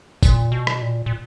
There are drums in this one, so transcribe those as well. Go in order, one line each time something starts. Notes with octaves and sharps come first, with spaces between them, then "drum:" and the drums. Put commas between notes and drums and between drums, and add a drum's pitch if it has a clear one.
A#2, drum: kick G#1, tambourine
B2
drum: rim click
A#2
A#2